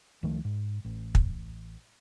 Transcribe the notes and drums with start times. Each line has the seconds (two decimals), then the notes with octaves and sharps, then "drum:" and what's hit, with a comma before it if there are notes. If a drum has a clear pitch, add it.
0.23 C#2 D#3 F3 A3
0.45 G#2
0.85 A1
1.15 drum: kick